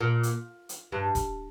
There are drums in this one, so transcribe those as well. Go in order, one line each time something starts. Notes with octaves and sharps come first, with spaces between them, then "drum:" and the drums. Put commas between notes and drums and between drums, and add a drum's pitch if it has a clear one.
A#2
drum: hi-hat
drum: hi-hat
G2
drum: kick E1, hi-hat